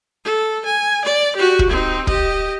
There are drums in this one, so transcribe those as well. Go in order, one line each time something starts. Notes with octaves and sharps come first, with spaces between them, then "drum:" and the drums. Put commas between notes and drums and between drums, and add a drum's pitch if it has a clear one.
A4
G#5
D5
F#4 G4
drum: kick
C4 D#4
G4 D#5, drum: kick